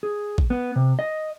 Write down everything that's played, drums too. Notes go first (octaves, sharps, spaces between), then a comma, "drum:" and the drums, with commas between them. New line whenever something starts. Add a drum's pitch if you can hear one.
G#4
drum: kick A1
B3
C3
D#5